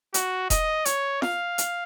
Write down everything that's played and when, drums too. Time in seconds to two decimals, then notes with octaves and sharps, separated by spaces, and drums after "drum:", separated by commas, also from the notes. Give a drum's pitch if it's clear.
0.14 F#4, drum: hi-hat
0.50 D#5, drum: kick E1, hi-hat
0.85 C#5, drum: hi-hat
1.22 F5, drum: snare F4
1.58 drum: hi-hat